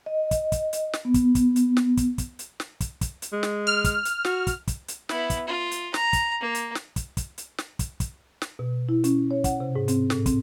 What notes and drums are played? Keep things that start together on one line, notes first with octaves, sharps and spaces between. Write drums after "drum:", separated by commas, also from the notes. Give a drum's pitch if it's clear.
D#5
drum: kick, hi-hat
drum: kick, hi-hat
drum: hi-hat
drum: snare
B3
drum: kick, hi-hat
drum: kick, hi-hat
drum: hi-hat
drum: snare
drum: kick, hi-hat
drum: kick, hi-hat
drum: hi-hat
drum: snare
drum: kick, hi-hat
drum: kick, hi-hat
drum: hi-hat
G#3
drum: snare
F6
drum: kick, hi-hat
drum: hi-hat
F#4, drum: snare
drum: kick, hi-hat
drum: kick, hi-hat
drum: hi-hat
B3 E4, drum: snare
drum: kick, hi-hat
F4
drum: hi-hat
A#5, drum: snare
drum: kick, hi-hat
A#3
drum: hi-hat
drum: snare
drum: kick, hi-hat
drum: kick, hi-hat
drum: hi-hat
drum: snare
drum: kick, hi-hat
drum: kick, hi-hat
drum: snare
B2
E4
C#4, drum: hi-hat
C#5
F#5, drum: kick, hi-hat
C3
G#2
C4, drum: hi-hat
A2, drum: snare
C4, drum: kick, hi-hat